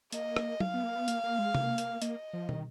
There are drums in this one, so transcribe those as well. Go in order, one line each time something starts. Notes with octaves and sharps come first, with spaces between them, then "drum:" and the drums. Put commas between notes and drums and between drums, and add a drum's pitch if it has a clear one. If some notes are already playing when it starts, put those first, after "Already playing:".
A#3 D#5, drum: hi-hat
drum: rim click
F5, drum: tom F#3
B3
A#3
B3
A#3, drum: hi-hat
A#3
G#3
A#3, drum: tom C3
drum: hi-hat
A#3 D#5, drum: hi-hat
F3
D#3, drum: tom